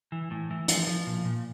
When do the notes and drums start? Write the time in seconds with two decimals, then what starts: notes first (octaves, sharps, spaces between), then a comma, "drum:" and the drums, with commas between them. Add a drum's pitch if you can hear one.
0.12 E3
0.31 A2
0.51 E3
0.68 F3, drum: hi-hat
0.87 F3
1.07 A#2
1.25 A#2